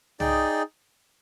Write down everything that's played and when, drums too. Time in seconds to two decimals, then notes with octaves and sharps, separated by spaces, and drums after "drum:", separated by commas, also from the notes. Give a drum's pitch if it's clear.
0.20 D#4 G#4 D5 G5, drum: tom